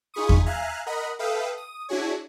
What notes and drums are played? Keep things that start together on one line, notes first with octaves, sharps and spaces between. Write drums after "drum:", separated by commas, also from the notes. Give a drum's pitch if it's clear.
D#4 F4 G#4 B5 C#6 D#6
drum: kick E2
E5 F5 G#5 A#5 F6 F#6
A#4 D#5 F#5 B5
A4 B4 E5 F5 G5 D#6
D#6
D4 E4 F#4 G#4 C#5